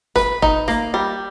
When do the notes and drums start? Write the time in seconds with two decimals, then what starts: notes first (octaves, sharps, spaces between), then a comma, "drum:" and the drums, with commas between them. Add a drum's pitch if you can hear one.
0.16 B4, drum: snare
0.42 D#4, drum: kick E1
0.68 A#3, drum: snare
0.94 G3